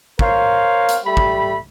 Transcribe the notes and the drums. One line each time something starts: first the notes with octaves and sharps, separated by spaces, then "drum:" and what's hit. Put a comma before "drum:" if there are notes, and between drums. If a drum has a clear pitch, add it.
A#4 C5 C#5 F5, drum: kick
drum: hi-hat
G3 A3 B5
drum: kick